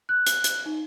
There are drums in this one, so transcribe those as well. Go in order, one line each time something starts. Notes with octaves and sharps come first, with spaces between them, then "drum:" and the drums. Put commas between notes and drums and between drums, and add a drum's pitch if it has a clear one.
F#6
drum: hi-hat
drum: hi-hat
D#4